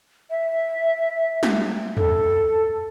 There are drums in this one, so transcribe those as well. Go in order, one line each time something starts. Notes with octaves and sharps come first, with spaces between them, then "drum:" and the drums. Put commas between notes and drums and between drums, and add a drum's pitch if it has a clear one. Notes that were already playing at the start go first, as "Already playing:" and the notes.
E5
drum: snare
A4, drum: tom